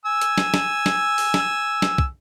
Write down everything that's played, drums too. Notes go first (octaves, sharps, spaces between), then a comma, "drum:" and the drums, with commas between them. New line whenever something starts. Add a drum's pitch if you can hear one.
G#5 E6
drum: hi-hat
drum: snare
drum: snare
drum: snare
drum: open hi-hat
drum: snare
drum: snare
drum: kick